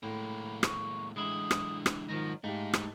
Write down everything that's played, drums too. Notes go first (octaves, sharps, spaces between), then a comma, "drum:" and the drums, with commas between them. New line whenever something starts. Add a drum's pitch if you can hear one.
A2 G#3 A#3 B5
C#6, drum: rim click
D3 E3 G#3 E4 D#6
drum: rim click
drum: rim click
G#2 D#3 F3 F#3 D#4 A#6
G#2 G#3 A3 D#4 G4 F5
drum: rim click